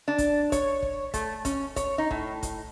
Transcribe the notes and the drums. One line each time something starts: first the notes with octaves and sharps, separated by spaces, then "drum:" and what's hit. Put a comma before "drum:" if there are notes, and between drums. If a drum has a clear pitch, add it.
D4
drum: kick, hi-hat
C#5, drum: kick, hi-hat
drum: kick
A3, drum: kick, hi-hat
C#4, drum: kick, hi-hat
C#5, drum: kick, hi-hat
D#4
A2, drum: kick
drum: kick, hi-hat